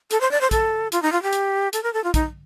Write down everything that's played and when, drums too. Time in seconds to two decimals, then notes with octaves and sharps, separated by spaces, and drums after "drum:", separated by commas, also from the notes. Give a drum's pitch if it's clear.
0.11 A4, drum: hi-hat
0.21 C5
0.31 D5
0.41 C5
0.51 A4, drum: kick, hi-hat
0.92 F4, drum: hi-hat
1.02 D#4
1.12 F4
1.23 G4
1.33 drum: hi-hat
1.73 A4, drum: hi-hat
1.83 A#4
1.93 A4
2.04 F4
2.14 D#4, drum: kick, hi-hat